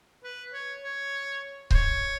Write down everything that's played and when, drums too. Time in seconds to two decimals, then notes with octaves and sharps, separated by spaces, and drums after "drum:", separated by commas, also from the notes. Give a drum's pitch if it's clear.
0.24 B4
0.54 C#5
0.84 C#5
1.71 C5, drum: kick C#1
1.75 C#5